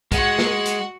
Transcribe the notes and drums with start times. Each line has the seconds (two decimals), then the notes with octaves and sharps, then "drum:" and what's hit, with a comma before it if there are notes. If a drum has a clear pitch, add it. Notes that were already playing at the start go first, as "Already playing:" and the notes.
0.12 G#3 F#4 F#5, drum: kick, hi-hat
0.39 drum: snare
0.65 drum: hi-hat